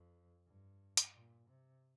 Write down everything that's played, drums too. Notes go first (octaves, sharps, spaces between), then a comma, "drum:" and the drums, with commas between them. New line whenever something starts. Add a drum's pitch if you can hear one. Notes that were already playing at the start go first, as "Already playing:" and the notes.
Already playing: F2
G2
drum: hi-hat
A#2
C3